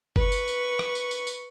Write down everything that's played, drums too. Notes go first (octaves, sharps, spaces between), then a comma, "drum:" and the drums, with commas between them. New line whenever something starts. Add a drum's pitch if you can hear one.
B4 C#6, drum: kick F#1
drum: tambourine
drum: tambourine
drum: rim click
drum: tambourine
drum: tambourine
drum: tambourine